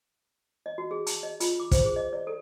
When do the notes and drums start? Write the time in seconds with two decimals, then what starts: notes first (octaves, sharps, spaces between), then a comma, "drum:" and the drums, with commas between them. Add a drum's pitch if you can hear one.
0.66 D#5
0.78 F#4
0.91 G#4
1.07 A5, drum: hi-hat
1.23 D#5
1.40 F4, drum: hi-hat
1.60 D6
1.71 C5, drum: kick, hi-hat
1.85 G#4
1.96 D#5
2.13 D5
2.27 A4